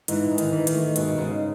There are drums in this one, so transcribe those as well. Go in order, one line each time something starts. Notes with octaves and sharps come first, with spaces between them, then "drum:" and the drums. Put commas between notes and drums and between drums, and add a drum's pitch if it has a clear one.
G#2 E3, drum: hi-hat
G#2
D#3, drum: hi-hat
E3
D#3, drum: hi-hat
A3
G#2 B2, drum: hi-hat
G#2 C#3